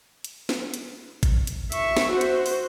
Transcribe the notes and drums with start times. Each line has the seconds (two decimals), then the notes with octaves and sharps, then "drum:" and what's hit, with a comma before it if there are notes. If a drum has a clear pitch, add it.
0.24 drum: hi-hat
0.49 drum: snare
0.74 drum: hi-hat
1.23 drum: kick, hi-hat
1.47 drum: hi-hat
1.72 E5 C#6, drum: hi-hat
1.97 drum: snare
2.11 F#4 C5
2.21 drum: hi-hat
2.46 drum: open hi-hat